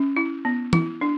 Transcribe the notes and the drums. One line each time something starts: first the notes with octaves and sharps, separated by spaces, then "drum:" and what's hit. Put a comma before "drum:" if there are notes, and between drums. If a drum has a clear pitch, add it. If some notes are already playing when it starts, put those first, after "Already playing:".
Already playing: C#4
E4
B3
E4, drum: tom
D4